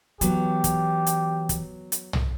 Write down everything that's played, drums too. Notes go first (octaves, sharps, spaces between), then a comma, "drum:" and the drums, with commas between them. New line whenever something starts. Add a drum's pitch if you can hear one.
E3 F#3 B3 G4, drum: hi-hat
drum: kick, hi-hat
drum: hi-hat
drum: kick, hi-hat
drum: hi-hat
drum: tom